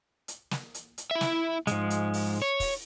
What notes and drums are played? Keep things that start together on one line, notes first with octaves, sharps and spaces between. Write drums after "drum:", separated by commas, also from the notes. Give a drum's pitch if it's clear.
drum: hi-hat
drum: snare
drum: hi-hat
drum: hi-hat
E4 E5
drum: snare
B1 G#2 F3 G#3, drum: hi-hat
drum: hi-hat
drum: open hi-hat
C#5
drum: kick, open hi-hat